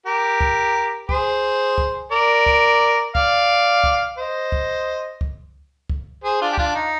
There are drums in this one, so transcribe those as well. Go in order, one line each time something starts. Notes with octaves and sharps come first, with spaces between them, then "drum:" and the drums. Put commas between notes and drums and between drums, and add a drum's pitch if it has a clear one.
G4 A#4
drum: kick C#2
G#4 C5, drum: kick C#2
drum: kick C#2
A#4 D5
drum: kick C#2
D5 F5, drum: kick C#2
drum: kick C#2
C5 D#5
drum: kick C#2
drum: kick C#2
drum: kick C#2
G#4 C5
D4 F4
G4
D4 F4, drum: kick C#2
D#4